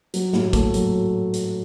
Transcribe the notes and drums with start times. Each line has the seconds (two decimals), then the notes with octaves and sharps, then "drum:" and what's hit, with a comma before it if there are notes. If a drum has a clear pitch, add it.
0.14 F#3, drum: hi-hat
0.33 A2, drum: snare
0.53 A3, drum: kick, hi-hat
0.74 F#3, drum: hi-hat
1.34 drum: hi-hat